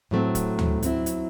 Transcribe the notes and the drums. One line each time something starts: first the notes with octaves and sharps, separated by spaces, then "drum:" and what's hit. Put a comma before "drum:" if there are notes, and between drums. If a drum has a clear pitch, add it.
A2 F#3 A3 C4
drum: kick, hi-hat
drum: tom D2
F#3 C4 E4, drum: hi-hat
drum: hi-hat